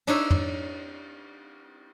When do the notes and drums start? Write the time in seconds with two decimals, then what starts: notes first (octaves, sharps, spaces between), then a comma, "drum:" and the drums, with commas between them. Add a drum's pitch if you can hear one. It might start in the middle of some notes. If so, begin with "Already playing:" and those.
0.07 D4 D#4 C#5 E5, drum: cymbal
0.31 drum: tom F2